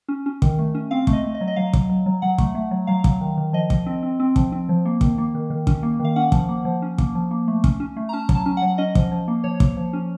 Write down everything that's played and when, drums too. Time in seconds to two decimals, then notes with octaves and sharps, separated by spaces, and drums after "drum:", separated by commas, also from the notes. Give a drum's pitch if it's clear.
0.09 C#4
0.26 C#4
0.42 D#3, drum: kick
0.59 A3
0.75 C#4
0.91 C4 F5
1.07 A3, drum: kick
1.13 D#5
1.24 A3
1.35 D#5
1.41 F#3
1.47 D#5
1.56 F#3 F5
1.73 F#3, drum: kick
1.89 F#3
2.06 F#3
2.22 F#3 F#5
2.38 A3, drum: kick
2.55 A3
2.71 F#3
2.87 F#3 F5
3.04 F#3, drum: kick
3.21 D#3
3.37 D#3
3.53 F3 D#5
3.70 F3, drum: kick
3.86 C4
4.03 C4
4.20 C4
4.36 F3, drum: kick
4.52 C4
4.69 F3
4.85 A#3
5.01 D#3, drum: kick
5.18 A#3
5.35 D#3
5.50 D#3
5.67 C#4, drum: kick
5.83 A#3
5.99 D#3
6.05 F5
6.16 C#4 F#5
6.32 F3, drum: kick
6.49 A#3
6.65 F3
6.82 C#4
6.98 A#3, drum: kick
7.15 F3
7.31 A#3
7.48 A3
7.64 C#4, drum: kick
7.80 C#4
7.97 A3
8.09 A#5
8.13 C#4 A5
8.29 F#3, drum: kick
8.35 A5
8.46 C#4
8.57 F#5
8.62 F#3
8.78 C#4 D#5
8.95 F3, drum: kick
9.11 F3
9.28 A#3
9.44 F3 C#5
9.60 A#3, drum: kick
9.77 F3
9.93 C#4